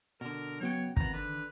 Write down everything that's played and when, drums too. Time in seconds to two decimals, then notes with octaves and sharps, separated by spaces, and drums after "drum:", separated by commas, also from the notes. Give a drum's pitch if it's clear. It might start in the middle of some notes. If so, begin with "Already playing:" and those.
0.21 B2 D3 A#4
0.61 C#3 F#3 B3 F#4 C#5 G5
0.97 F2 D#3 B3 A#5, drum: kick
1.14 D3 B4